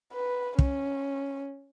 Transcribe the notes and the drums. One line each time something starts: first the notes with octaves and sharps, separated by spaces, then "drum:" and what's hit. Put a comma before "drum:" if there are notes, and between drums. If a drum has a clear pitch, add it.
B4
C#4, drum: kick